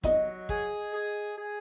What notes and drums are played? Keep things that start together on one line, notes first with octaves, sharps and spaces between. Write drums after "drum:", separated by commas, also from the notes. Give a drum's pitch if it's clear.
F#3 D#5, drum: kick, hi-hat
G#4, drum: kick
G#4
G#4